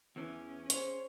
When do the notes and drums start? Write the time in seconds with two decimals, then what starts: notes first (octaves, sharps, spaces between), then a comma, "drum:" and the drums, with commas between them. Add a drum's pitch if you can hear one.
0.16 E2 E3 C#4
0.70 G#4 C5 C#5, drum: hi-hat